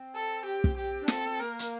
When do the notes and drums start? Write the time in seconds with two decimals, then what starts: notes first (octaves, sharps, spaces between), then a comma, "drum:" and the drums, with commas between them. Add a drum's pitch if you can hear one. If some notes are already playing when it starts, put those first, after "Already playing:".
Already playing: C4
0.15 A4
0.46 G4
0.64 drum: kick
0.78 G4
1.01 D4
1.08 C4 A4, drum: snare
1.40 A#3 A#4
1.59 drum: hi-hat